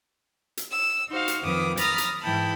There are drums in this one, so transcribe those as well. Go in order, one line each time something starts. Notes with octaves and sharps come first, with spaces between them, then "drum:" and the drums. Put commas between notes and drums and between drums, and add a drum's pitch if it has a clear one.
drum: hi-hat
E6
D#4 F#4 C5 F5
drum: hi-hat
F2 D#3 B4 D6 D#6
A#5 B5 D#6 F6 A6 A#6, drum: hi-hat
drum: hi-hat
G#2 E3 E4 G5 A5 B5